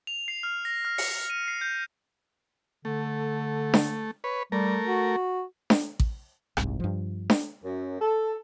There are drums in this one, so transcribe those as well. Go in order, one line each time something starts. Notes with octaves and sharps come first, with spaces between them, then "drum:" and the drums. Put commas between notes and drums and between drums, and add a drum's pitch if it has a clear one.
F7
C7
F6
A#6
F6
C#7, drum: open hi-hat
D#7
C7
G6
D3 A3
drum: snare D4
B4 C#5
G3 A3 A#4
F#4
drum: snare D4
drum: kick A1
F#1 C2 G#2, drum: rim click
G2 F3
drum: snare D4
F#2
A4